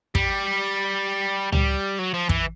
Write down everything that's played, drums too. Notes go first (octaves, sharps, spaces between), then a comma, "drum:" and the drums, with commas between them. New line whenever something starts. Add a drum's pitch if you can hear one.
G3, drum: kick
G3, drum: tom C#2
F#3
F3
E3, drum: kick